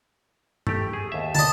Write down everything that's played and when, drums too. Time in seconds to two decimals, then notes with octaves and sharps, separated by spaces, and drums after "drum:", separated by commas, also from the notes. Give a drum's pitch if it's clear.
0.67 A3 G4, drum: tom G2
0.93 G#4
1.12 D#2 E5
1.35 D#5 A5, drum: tom